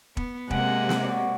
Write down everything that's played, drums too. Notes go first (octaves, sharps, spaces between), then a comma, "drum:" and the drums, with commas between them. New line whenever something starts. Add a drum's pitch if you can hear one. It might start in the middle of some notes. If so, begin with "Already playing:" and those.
B3, drum: kick E1
C3 G#3 A#3 F#5 G#5, drum: kick E1
drum: snare
F#4 C#5 D5